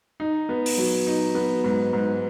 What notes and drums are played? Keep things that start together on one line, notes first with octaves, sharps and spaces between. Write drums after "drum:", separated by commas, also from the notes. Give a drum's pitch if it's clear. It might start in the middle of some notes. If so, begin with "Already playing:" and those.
D#4
B3
drum: open hi-hat
F#3
D#4
B3
G#2
G#2